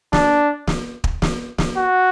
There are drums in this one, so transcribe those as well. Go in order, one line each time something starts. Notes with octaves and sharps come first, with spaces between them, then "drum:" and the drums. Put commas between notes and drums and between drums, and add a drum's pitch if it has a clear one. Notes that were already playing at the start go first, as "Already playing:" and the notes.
D4, drum: snare
drum: snare
drum: kick
drum: snare
drum: snare
F#4